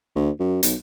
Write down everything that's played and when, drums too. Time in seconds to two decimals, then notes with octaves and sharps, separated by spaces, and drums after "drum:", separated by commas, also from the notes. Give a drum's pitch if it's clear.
0.15 D2
0.39 F#2
0.63 B1, drum: hi-hat